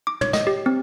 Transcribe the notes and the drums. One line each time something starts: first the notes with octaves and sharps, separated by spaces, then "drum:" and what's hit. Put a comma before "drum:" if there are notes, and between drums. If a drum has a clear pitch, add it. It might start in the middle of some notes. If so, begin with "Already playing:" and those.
D6
C#5, drum: tom
D#5, drum: snare
G4
C4